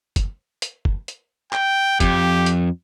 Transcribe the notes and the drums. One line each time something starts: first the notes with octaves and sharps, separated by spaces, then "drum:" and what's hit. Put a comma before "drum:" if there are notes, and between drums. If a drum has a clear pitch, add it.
drum: kick F#1, hi-hat
drum: hi-hat
drum: kick F#1
drum: hi-hat
G5, drum: clap
F2 G4, drum: kick F#1, hi-hat
drum: hi-hat